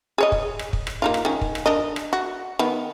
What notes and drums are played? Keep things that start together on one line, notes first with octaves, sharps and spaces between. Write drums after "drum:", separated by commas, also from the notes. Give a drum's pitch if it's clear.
G#4 C#5 D#5
drum: kick
drum: rim click
drum: kick
drum: rim click
A#3 D#4 F4
drum: rim click
D#3 C#4
drum: kick
drum: rim click
D4 A#4 D#5
drum: rim click
F#4
D#3 B3